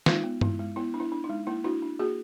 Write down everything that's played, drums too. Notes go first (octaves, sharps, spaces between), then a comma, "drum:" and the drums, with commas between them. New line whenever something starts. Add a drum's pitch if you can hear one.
G#3 D#4 F4, drum: snare
B3
G#3 E4, drum: tom G2
G#3
B3 E4
D4
E4
D4
D#4
G#3
A#3 E4
D4 E4 F#4
D4
A#3 F#4 G#4